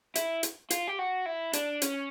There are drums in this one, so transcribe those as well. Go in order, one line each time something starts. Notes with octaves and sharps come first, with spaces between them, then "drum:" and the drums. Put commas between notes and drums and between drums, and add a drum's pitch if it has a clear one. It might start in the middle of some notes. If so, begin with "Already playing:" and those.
E4, drum: hi-hat
drum: hi-hat
F4, drum: hi-hat
G4
F#4
E4
D4, drum: hi-hat
C#4, drum: hi-hat